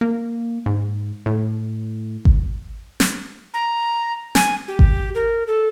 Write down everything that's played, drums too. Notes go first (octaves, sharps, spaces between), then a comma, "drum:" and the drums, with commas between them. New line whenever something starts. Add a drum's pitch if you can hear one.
A#3
G#2
A2
drum: kick G#1
drum: snare
A#5
G#5, drum: snare
G4
drum: kick G#1
A#4
A4